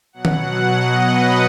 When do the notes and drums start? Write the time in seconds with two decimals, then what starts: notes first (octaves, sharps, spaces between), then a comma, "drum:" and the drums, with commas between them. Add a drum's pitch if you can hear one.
0.13 B2 F#3 F#5
0.25 drum: tom D#3
0.75 D#5
1.05 B4